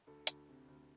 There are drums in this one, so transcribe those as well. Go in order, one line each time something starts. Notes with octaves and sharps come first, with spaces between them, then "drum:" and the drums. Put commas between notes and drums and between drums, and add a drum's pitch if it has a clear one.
D2 A4
D2, drum: hi-hat
C3
D2